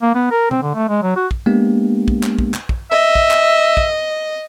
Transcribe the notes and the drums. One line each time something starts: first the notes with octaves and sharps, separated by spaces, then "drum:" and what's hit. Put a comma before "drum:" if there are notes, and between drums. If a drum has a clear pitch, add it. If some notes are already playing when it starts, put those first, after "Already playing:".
A#3
B3
A#4
C4, drum: tom B2
D3
A3
G#3
F#3
F#4
drum: kick
G#3 A#3 B3 D4 G4
drum: kick
drum: clap
drum: kick
drum: clap
drum: kick
D#5 E5
drum: kick
drum: clap
drum: kick